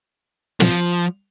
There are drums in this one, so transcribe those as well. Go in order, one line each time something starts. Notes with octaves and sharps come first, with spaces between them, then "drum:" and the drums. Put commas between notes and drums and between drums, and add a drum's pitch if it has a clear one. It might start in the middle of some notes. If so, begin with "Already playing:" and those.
F3, drum: snare